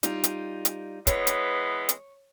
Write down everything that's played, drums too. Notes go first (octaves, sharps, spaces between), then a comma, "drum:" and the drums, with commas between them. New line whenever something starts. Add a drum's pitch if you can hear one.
G3 D#4 F4, drum: hi-hat
drum: hi-hat
drum: hi-hat
E3 G#3 B3 C#5, drum: kick, hi-hat
drum: hi-hat
drum: hi-hat